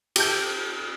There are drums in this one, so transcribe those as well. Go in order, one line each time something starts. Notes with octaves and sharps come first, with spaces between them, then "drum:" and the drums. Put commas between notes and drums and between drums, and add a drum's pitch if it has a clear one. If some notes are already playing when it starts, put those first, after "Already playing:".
G4 A5 G6, drum: cymbal